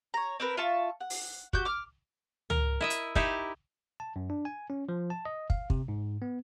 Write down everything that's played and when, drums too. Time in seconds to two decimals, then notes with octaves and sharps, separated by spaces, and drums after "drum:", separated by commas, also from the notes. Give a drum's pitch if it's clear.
0.14 C#5 A#5
0.40 C4 A#4 B4
0.57 F4 E5 A5 C#6
1.01 F#5
1.10 drum: open hi-hat
1.53 F#4 G4 G6, drum: kick
1.65 D6 F6
2.50 A#4, drum: tom C#2
2.81 E4 D#5 E5
2.90 drum: hi-hat
3.15 D#4 E4 G4, drum: kick
4.00 A5
4.16 F#2
4.30 D4
4.45 G#5
4.70 C#4
4.89 F3
5.10 A5
5.25 D#5
5.50 F5, drum: kick
5.70 C3, drum: kick
5.88 G#2
6.22 B3